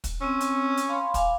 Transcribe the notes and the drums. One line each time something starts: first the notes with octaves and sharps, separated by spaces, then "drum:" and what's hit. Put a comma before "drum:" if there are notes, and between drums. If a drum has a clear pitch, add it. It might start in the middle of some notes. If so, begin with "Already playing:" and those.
drum: kick, hi-hat
C4 C#4 E6
drum: hi-hat
drum: hi-hat
F5 B5 C6
F5 G#5 D6, drum: kick, hi-hat